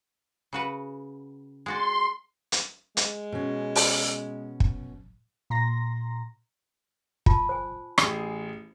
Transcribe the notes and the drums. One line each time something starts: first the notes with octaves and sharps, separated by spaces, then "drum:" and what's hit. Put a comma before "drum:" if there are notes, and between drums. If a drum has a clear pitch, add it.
C#3 F#4 B4
G#3 F#4 D5 C6
drum: hi-hat
G#3, drum: hi-hat
B2 C#4
drum: open hi-hat
drum: kick
A#2 A#5 C6 A#6
F4 A5 B5, drum: kick
C5 G#5
A1 G#4, drum: rim click